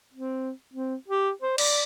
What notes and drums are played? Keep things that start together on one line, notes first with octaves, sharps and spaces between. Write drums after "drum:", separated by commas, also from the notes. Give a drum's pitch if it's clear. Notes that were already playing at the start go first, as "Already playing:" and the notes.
C4
C4
G4
C5
D5, drum: cymbal